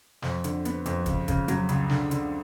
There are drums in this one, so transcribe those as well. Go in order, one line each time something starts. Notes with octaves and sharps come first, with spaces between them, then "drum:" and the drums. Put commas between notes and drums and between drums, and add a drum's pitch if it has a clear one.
F2, drum: snare
D3, drum: hi-hat
B3, drum: hi-hat
F2, drum: hi-hat
C#3, drum: kick, hi-hat
C#3, drum: kick, hi-hat
F#3, drum: hi-hat
C#2, drum: hi-hat
D3, drum: snare
D3, drum: hi-hat